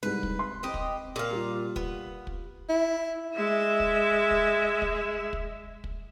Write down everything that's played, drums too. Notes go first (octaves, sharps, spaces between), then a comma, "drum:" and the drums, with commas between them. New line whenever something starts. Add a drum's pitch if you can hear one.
C2 G#2 B4
drum: kick
C6
C4 G4 D#5
drum: kick
A#2 A#4 F5
G3 F4
B3, drum: kick
drum: kick
E4
G#3 E5
drum: kick
drum: kick
drum: kick
drum: kick
drum: kick